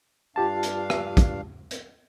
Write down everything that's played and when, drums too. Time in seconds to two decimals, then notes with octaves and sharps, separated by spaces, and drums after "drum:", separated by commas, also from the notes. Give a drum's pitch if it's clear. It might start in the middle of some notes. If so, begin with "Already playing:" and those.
0.36 G2 D4 F4 G4 F5 A5
0.63 drum: hi-hat
0.90 drum: rim click
1.17 drum: kick, hi-hat
1.71 drum: hi-hat